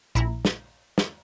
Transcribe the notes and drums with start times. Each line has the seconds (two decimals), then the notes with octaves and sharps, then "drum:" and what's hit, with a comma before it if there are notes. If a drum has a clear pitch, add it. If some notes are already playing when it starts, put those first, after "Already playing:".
0.15 A#1 A#2 E4 A#5
0.45 drum: snare
0.98 drum: snare